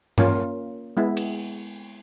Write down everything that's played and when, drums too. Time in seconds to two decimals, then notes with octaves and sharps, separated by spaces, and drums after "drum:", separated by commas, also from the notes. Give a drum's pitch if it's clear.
0.18 A#3 C#4 F4, drum: tom G2
0.97 G#3 B3 E4
1.17 drum: cymbal